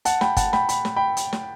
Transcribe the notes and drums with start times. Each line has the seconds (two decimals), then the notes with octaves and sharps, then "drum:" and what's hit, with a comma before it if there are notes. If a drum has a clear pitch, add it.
0.05 F#5 A5, drum: hi-hat
0.21 G5 B5, drum: snare
0.37 F#5 A5, drum: kick, hi-hat
0.53 G5 B5, drum: snare
0.69 B5, drum: hi-hat
0.85 drum: snare
0.96 G5 B5
1.17 drum: hi-hat
1.33 drum: snare